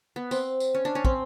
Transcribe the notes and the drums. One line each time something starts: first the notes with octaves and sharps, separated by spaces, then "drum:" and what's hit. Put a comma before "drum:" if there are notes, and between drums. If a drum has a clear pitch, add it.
B3
C4, drum: tambourine
drum: tambourine
C#4
D4
C#4
C4, drum: kick